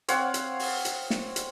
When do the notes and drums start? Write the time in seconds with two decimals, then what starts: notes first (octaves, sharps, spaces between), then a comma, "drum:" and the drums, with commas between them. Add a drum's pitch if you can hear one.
0.08 C4 C#5 F5 F#5, drum: hi-hat
0.34 drum: hi-hat
0.59 drum: open hi-hat
0.85 drum: hi-hat
1.10 drum: snare
1.36 drum: hi-hat